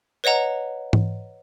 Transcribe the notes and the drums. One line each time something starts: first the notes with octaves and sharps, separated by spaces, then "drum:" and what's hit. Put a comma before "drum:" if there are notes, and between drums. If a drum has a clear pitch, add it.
B4 C#5 D#5 F#5 A#5
drum: tom G#2